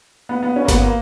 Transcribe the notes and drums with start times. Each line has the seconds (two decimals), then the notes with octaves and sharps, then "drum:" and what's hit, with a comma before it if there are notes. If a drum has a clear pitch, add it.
0.29 B3
0.43 B3
0.56 C#4
0.65 A#3
0.68 B3, drum: snare G1
0.82 A#3